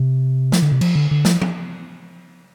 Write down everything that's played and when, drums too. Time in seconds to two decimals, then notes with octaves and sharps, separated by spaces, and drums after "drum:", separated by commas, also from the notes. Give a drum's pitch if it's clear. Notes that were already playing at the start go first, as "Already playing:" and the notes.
Already playing: C3
0.52 F3, drum: snare
0.62 D3
0.71 C3
0.81 F3, drum: cymbal
0.95 D3
1.11 D3
1.25 F3, drum: snare
1.42 drum: tom F3